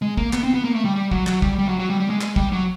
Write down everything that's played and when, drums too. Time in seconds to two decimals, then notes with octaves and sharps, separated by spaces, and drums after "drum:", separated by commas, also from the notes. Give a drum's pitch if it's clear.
0.02 G#3
0.17 A#3, drum: kick
0.33 B3, drum: clap
0.43 C4
0.54 B3
0.64 A#3
0.75 A3
0.85 G3
0.96 G3
1.11 F#3, drum: kick
1.27 F#3, drum: clap
1.42 G3, drum: kick
1.58 G3
1.69 F#3
1.79 F#3
1.90 G3
2.00 G3
2.10 G#3
2.21 G#3, drum: clap
2.36 G3, drum: kick
2.52 F#3